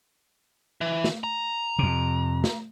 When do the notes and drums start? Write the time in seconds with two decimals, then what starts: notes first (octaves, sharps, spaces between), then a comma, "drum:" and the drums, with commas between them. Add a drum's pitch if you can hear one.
0.81 E3
1.04 drum: snare
1.24 A#5
1.79 F2 C3
2.44 drum: snare